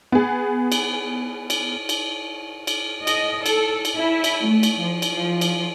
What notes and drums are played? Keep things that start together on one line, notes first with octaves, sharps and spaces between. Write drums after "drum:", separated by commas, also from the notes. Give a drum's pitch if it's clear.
B3 G#4
drum: cymbal
drum: cymbal
drum: cymbal
drum: cymbal
D#5, drum: cymbal
A4, drum: cymbal
drum: cymbal
E4
drum: cymbal
A3
drum: cymbal
F3
drum: cymbal
F3
drum: cymbal